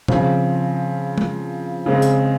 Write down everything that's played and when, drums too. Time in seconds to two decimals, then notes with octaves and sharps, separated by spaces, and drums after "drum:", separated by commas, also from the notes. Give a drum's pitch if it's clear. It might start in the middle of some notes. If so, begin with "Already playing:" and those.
0.08 C#3 F3 C4, drum: tom
1.18 drum: tom
1.86 C#3 G#3 C4
2.02 drum: hi-hat